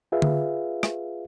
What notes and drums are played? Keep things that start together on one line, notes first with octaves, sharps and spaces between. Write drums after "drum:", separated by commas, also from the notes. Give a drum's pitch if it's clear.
F4 G#4 B4 E5 F5
drum: tom D3
drum: rim click